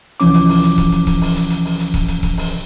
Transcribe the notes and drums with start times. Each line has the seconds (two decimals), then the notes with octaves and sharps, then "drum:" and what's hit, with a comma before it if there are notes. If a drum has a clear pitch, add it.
0.20 C2 E3 F3 C#4 D6, drum: hi-hat
0.34 drum: hi-hat
0.49 drum: open hi-hat
0.63 drum: hi-hat
0.78 drum: kick C#1, hi-hat
0.92 drum: hi-hat
1.07 drum: kick C#1, hi-hat
1.21 drum: open hi-hat
1.36 drum: hi-hat
1.50 drum: hi-hat
1.65 drum: open hi-hat
1.79 drum: hi-hat
1.94 drum: kick C#1, hi-hat
2.08 drum: hi-hat
2.23 drum: kick C#1, hi-hat
2.37 drum: open hi-hat